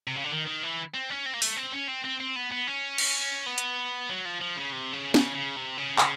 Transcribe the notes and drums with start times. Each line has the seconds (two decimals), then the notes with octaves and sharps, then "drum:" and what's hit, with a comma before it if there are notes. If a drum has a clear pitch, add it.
0.07 C3
0.16 C#3
0.24 D3
0.31 D#3
0.47 D#3
0.63 E3
0.94 C4
1.10 C#4
1.26 C4
1.34 A#3
1.42 A3, drum: open hi-hat
1.57 C4
1.73 C#4
1.89 C4
2.05 C4
2.20 C4
2.36 B3
2.52 B3
2.67 C#4
2.98 drum: cymbal
3.46 B3
3.58 drum: hi-hat
4.10 F#3
4.25 F3
4.41 F3
4.56 C#3
4.72 C3
4.93 C#3
5.14 C#3, drum: snare
5.35 C#3
5.57 C3
5.78 C#3
5.98 C#3, drum: clap